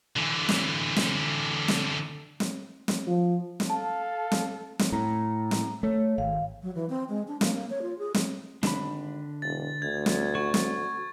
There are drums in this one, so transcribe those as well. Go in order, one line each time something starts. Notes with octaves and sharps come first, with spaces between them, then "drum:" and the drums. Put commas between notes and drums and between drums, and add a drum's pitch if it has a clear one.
D3 E3
drum: snare
drum: snare
drum: snare
drum: snare
drum: snare
F3
drum: snare
A4 F5 A5
drum: snare
drum: snare
A2 A#5
drum: snare
A3 C#5
G#1 F5
F#3
E3
C4
G#3
D4
A#3, drum: snare
A#3
C#5
F4
G#4
drum: snare
G#1 D3 D4 B5, drum: snare
E1 A6
D2 G#6
drum: snare
F#4 C#6
drum: snare